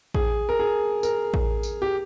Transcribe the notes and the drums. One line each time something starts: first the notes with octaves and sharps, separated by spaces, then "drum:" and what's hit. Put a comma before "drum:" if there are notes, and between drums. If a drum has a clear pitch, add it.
G#4, drum: kick A1
A#4
G#4
A#4, drum: tambourine
drum: kick A1
drum: tambourine
G4